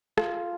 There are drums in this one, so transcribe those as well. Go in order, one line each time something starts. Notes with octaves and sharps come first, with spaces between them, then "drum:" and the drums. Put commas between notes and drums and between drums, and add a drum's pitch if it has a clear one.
F4, drum: rim click